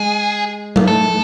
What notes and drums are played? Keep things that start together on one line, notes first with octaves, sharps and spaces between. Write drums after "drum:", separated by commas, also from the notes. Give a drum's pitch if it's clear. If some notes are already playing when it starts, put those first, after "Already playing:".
Already playing: G#3 G#4
A#3, drum: tom F#3
A3 A4